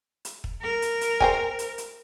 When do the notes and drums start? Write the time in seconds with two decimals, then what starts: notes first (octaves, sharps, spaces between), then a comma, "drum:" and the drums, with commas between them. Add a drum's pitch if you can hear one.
0.25 drum: hi-hat
0.44 drum: kick
0.62 A#4
0.82 drum: hi-hat
1.01 drum: hi-hat
1.20 C5 G5 G#5, drum: kick
1.59 drum: hi-hat
1.78 drum: hi-hat